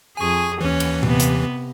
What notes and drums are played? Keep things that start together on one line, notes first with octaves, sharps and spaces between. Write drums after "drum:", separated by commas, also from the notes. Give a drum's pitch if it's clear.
F2 G#4 G#5 C#6
D#2 E3 C#4
drum: cymbal
C3 B3, drum: tom A#2
drum: hi-hat